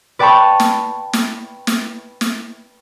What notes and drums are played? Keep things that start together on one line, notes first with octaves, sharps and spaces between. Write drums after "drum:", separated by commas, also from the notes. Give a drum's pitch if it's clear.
B4 D5 G5 A5 B5 C#6
drum: snare
drum: snare
drum: snare
drum: snare